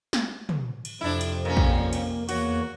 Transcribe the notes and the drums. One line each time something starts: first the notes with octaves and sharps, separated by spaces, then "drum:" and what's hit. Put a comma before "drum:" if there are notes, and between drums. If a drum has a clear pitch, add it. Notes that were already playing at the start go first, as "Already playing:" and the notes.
drum: snare
drum: tom
drum: cymbal
F2 C3 D4 E4
drum: cymbal
A#2 A#3 C#4
drum: kick A#1
drum: cymbal
E2 A#3 F#4 C#5, drum: cymbal